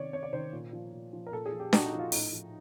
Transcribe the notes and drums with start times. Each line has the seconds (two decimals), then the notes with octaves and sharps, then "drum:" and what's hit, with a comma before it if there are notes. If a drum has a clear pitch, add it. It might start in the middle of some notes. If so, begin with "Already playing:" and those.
Already playing: C3 D#3 C#5 D5
0.13 C3 C#5
0.23 D5
0.33 D#3 C5
0.53 A#2
0.73 F3
0.93 A#2
1.13 F3
1.26 A#4
1.32 A#2 A4
1.46 G#4
1.52 F3
1.60 G4
1.73 A#2 F#4, drum: snare D4
1.86 D#4
1.93 F3
1.99 F4
2.12 A2 D#4, drum: open hi-hat
2.32 F3